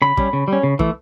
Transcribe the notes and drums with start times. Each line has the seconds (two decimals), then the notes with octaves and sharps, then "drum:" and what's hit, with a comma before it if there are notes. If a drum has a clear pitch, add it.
0.02 C#3 B5
0.17 G3 C#4, drum: kick
0.33 C#3
0.48 G3 C#4
0.63 C#3
0.79 E3 A3, drum: kick